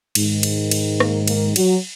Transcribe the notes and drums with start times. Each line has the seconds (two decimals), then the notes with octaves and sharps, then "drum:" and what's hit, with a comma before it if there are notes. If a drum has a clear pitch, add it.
0.15 G#2 D#3, drum: cymbal
0.43 drum: cymbal
0.71 drum: cymbal
1.00 A#3, drum: rim click
1.28 A#3, drum: cymbal
1.56 F#3, drum: cymbal